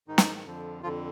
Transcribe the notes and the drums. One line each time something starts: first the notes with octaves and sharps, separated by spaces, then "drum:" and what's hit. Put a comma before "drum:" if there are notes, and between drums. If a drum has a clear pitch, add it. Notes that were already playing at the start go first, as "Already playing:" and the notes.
G#2 D#3 D#4
drum: snare
F2 D3 F3
F2 D3 F3 F4